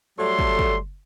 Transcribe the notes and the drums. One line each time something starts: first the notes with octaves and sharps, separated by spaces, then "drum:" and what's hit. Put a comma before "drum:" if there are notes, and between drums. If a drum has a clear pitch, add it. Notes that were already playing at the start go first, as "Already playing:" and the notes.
F#3 G3 A3 A4 C6
drum: kick
drum: kick